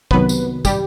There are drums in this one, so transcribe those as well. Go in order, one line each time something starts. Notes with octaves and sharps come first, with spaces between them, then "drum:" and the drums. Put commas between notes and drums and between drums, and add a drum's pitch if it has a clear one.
C2 C3 D#3 F#3 B3 B4, drum: kick
drum: tambourine
G3 G4, drum: kick, tambourine